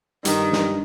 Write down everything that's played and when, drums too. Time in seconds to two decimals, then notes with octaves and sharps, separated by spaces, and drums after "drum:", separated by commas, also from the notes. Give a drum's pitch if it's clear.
0.25 G2 D#3, drum: hi-hat
0.53 drum: snare